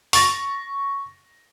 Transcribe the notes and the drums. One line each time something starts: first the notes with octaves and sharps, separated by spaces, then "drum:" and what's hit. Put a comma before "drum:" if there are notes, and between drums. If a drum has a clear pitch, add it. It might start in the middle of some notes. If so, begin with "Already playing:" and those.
C#6 A6 A#6, drum: open hi-hat